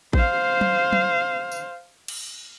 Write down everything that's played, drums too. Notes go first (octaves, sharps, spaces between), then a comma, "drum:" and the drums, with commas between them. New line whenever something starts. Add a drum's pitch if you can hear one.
C5 F5, drum: kick A1
drum: tom
drum: tom
drum: tambourine
drum: cymbal